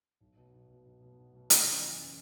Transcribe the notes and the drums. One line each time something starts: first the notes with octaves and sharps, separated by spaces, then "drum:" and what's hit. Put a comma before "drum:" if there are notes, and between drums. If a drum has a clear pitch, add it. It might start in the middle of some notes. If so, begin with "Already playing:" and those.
B1
B2 F#3
B1
B2 F#3
B1
B2 F#3
B1
B2 F#3
F#1, drum: hi-hat
E2 C#3
F#1
C#3